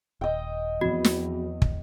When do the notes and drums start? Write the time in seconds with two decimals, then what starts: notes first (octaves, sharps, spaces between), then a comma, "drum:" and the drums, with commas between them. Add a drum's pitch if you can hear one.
0.21 D#1 D#5 G5
0.81 E2 F3 C4 F#4
1.04 drum: snare
1.62 drum: kick